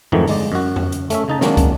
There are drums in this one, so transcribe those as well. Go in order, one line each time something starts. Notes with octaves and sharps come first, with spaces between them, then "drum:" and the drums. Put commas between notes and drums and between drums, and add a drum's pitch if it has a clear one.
F2 G#2 D#3 E3 F#3 A3
G1 G#3 D5, drum: open hi-hat
F#2 F#4
drum: tom F2
drum: hi-hat
A3 C#4 E5, drum: hi-hat
C#3 D#4 A5
D#3 F#3 G#3 A#3 C#4 D4, drum: snare
drum: kick, hi-hat